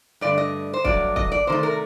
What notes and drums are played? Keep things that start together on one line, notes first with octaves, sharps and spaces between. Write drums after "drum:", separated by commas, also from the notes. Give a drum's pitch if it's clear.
G2 D3 A3 D5
D#5
C5
G2 F#3 A3 D5, drum: kick
D#5, drum: kick
D5
C3 D#3 A3 C5
A#4